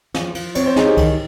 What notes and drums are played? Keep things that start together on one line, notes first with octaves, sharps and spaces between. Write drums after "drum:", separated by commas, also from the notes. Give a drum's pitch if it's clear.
F3, drum: snare
F3, drum: cymbal
C4 C#5, drum: cymbal
C5
D#4 G#4, drum: snare
G4
D#3, drum: kick C2, cymbal